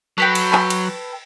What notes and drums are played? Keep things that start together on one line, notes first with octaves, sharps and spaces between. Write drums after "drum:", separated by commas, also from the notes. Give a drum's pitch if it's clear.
F#3 A4 B4 G5
drum: cymbal
drum: clap
drum: cymbal